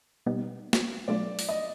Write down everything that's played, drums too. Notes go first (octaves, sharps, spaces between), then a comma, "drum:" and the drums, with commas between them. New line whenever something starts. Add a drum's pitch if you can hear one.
B2 G3 B3 D#4
drum: snare
B2 F#3 A3 D4 F4 D5
drum: open hi-hat
D#5